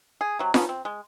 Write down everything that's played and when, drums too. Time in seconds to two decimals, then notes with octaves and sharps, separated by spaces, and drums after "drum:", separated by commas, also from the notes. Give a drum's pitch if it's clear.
0.21 G#4
0.39 C3 F#3
0.54 D3 B3 C#4 D#4, drum: snare F4
0.69 C4
0.85 G#3